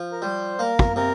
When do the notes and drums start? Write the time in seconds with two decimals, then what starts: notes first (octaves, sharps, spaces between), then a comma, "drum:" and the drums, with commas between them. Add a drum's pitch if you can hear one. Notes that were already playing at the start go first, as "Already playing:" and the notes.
Already playing: F3
0.12 A#4
0.22 G3 C5
0.59 A#3 A#4
0.79 drum: kick
0.96 C3 A#4